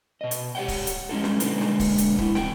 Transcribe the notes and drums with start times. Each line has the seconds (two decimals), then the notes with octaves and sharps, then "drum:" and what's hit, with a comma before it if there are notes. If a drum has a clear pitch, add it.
0.21 B2 D#5
0.31 drum: hi-hat
0.55 G4 C#5 D#5 F#5 G5
0.68 drum: kick C#1, open hi-hat
0.87 drum: hi-hat
1.09 G#3 C#4 D#4 F4 A4
1.24 drum: snare
1.40 B2 D3 G#3 A#3 B4 C5, drum: hi-hat
1.61 drum: snare
1.80 drum: kick C#1, open hi-hat
1.98 drum: hi-hat
2.18 G#3 E4, drum: kick C#1
2.35 E2 C3 G5, drum: snare